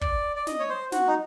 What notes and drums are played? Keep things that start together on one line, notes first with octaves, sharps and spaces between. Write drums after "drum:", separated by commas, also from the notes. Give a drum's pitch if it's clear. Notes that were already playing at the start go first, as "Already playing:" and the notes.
D5, drum: kick
D5
D#5, drum: snare
C#5
C5
F#4, drum: snare
D#4